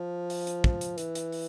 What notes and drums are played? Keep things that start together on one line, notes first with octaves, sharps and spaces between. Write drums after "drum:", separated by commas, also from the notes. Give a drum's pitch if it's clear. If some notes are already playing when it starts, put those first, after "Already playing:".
Already playing: F3
drum: open hi-hat
drum: hi-hat
drum: kick
drum: hi-hat
E3, drum: hi-hat
drum: hi-hat
drum: open hi-hat